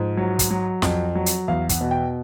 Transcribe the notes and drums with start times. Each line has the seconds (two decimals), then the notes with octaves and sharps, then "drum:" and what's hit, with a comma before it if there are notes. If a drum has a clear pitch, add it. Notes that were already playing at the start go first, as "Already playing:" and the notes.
Already playing: G#2 F3
0.17 F#3
0.39 drum: kick, hi-hat
0.50 F#3
0.82 F2, drum: snare
1.15 F#3
1.26 drum: hi-hat
1.48 E2 F5
1.69 F#5, drum: kick, hi-hat
1.81 B2
1.91 G5